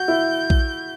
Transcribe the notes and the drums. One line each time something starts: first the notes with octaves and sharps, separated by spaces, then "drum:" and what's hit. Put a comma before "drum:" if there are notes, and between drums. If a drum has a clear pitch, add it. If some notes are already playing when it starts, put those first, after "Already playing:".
Already playing: F#4 G6
E4
drum: kick A#1